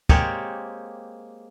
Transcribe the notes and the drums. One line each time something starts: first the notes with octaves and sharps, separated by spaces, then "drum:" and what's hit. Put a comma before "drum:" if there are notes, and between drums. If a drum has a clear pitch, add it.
G#3 A#3 C4 G4 C#5 D5, drum: kick